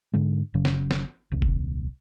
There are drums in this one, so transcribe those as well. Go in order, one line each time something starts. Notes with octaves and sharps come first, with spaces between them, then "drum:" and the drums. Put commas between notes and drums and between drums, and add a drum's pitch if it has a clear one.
G#2 D3 G#3
F#1 F#2 C#3 F#3
drum: snare
drum: snare
D#1 C2
drum: kick F1